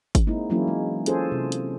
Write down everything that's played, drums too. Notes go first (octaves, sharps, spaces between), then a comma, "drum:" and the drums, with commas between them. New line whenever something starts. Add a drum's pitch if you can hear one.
drum: kick G#1, hi-hat
G#3 A#3 C4 D#4 E4
E3 F#3 G#3 A#3 C#4 E4
G#3
C#4 F4 G#4 A4 C5, drum: hi-hat
C3
drum: hi-hat